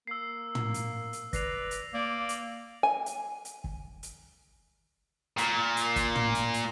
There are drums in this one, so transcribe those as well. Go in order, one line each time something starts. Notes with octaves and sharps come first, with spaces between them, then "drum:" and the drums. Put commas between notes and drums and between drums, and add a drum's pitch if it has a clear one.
A#3 E6 C7
drum: tom
drum: hi-hat
drum: hi-hat
B4 D5 A#6 C7 F7, drum: kick, hi-hat
drum: hi-hat
A#3 D5
drum: hi-hat
G#5
drum: hi-hat
drum: hi-hat
drum: kick
drum: hi-hat
A#2, drum: hi-hat
drum: hi-hat
drum: kick, hi-hat
drum: tom
drum: hi-hat
drum: hi-hat